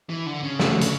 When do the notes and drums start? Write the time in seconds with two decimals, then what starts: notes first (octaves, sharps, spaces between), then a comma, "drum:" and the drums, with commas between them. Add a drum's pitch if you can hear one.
0.09 E3
0.26 D3
0.43 C#3
0.60 F2 D3 A3, drum: snare
0.81 drum: hi-hat